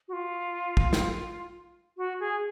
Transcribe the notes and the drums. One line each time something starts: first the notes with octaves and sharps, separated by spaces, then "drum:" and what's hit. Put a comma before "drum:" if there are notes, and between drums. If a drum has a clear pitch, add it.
F#4
F4
drum: kick
drum: snare
F#4
G#4